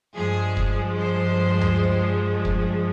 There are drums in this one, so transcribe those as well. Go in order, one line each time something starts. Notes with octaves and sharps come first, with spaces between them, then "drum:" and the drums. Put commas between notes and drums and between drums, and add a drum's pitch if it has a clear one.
G2 F3 G#3 G#4
drum: kick
C5
drum: tom D2
drum: kick